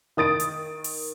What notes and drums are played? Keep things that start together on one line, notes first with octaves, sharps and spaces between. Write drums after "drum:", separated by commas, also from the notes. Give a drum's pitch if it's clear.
D#3 D#6 A6 D7
drum: hi-hat
drum: open hi-hat